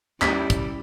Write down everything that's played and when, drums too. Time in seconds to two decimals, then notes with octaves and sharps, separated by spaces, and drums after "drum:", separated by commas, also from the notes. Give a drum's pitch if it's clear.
0.22 D#2 G3 C#4 E4 G4 B6, drum: clap
0.50 drum: kick, hi-hat